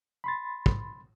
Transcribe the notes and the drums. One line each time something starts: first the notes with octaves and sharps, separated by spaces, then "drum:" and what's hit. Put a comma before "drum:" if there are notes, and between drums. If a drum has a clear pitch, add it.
B5 C6 A6
drum: kick